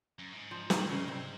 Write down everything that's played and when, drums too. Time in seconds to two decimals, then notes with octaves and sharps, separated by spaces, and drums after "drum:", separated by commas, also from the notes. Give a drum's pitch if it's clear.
0.19 F#2
0.32 G#2
0.51 F3
0.70 D#3, drum: snare
0.89 C#3
1.08 C3